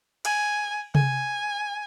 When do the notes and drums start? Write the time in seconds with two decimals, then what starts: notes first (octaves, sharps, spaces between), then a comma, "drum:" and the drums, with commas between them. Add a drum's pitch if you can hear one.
0.25 G#5, drum: cymbal
0.95 G#5, drum: tom C3